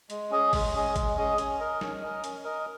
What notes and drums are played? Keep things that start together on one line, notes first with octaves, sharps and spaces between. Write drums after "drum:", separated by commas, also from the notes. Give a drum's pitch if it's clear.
G#3, drum: hi-hat
C#4 G#4 D#5
G#3, drum: kick, open hi-hat
C#4 G#4 D#5
G#3, drum: kick, hi-hat
C#4 G#4 D#5
C#4, drum: hi-hat
A#4 D#5
C#4, drum: snare
A#4 D#5
C#4, drum: hi-hat
A#4 D#5